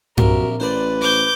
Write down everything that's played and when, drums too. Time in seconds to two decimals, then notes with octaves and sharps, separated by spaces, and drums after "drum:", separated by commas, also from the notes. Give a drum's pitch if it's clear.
0.18 A#1 C3 F#3 A#4, drum: tom G2
0.60 A1 B4 C5 D5
1.02 C5 C#6 D6 G6